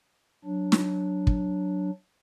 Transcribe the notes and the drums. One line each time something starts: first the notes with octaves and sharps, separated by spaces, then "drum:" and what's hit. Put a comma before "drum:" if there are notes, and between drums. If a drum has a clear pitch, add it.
F#3 D4
drum: snare
drum: kick